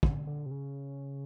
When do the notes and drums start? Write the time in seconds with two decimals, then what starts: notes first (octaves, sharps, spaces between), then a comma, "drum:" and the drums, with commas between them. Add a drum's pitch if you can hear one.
0.03 D3, drum: kick
0.27 D3
0.46 C3
0.51 C#3